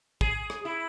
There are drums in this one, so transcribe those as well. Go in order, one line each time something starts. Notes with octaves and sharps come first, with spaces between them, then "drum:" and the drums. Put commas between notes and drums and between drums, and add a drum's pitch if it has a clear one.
G#4, drum: kick
drum: rim click
E4